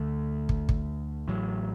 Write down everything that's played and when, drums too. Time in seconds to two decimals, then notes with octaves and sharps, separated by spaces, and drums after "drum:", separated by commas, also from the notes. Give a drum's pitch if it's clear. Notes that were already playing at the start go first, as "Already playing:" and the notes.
Already playing: D2 D3 A3
0.49 drum: kick
0.69 drum: kick
1.28 A1 A2 F#3